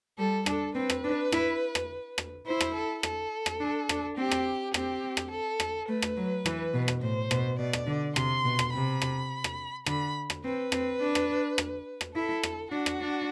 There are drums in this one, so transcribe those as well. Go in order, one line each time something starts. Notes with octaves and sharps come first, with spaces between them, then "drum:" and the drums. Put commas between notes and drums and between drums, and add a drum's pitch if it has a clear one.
G3 A4
D4 A4, drum: rim click
C4 B4
drum: rim click
D4
E4, drum: rim click
drum: rim click
drum: rim click
E4 C5
drum: rim click
A4
A4, drum: rim click
drum: rim click
D4
D4, drum: rim click
C4 G4
drum: rim click
C4 G4, drum: rim click
drum: rim click
A4
drum: rim click
A3 B4
drum: rim click
F#3
E3, drum: rim click
B2
drum: rim click
A2 C5
B2, drum: rim click
B2 D5
drum: rim click
D3
C3 C6, drum: rim click
B2
drum: rim click
C3 B5
drum: rim click
drum: rim click
D3 B5, drum: rim click
drum: rim click
C4 B4
C4, drum: rim click
D4
drum: rim click
drum: rim click
drum: rim click
E4 A4
drum: rim click
D4 F#4
drum: rim click
D4